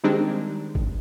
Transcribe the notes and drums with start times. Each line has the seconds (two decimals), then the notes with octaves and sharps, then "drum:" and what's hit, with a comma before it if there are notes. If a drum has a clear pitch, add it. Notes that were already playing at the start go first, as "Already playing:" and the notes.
0.03 D#3 G3 G#3 C4 D4 D#4
0.75 drum: kick G1